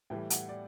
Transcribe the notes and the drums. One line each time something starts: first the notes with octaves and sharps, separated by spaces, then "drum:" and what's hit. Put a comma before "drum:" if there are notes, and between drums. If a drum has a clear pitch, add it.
A2 E3 G3 G5
F#5, drum: hi-hat
D5